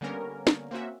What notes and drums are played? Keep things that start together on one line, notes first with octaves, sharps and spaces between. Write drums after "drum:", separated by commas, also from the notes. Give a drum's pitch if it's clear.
D3 G3 A#3 B3 C#4 A#4
drum: snare
A#3 C4 C#4 F#4 E5